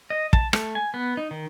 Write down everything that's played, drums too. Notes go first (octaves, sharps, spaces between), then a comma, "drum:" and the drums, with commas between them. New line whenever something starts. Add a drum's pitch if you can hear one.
D#5
A5, drum: kick
A3, drum: rim click
G#5
B3
D#4
D#3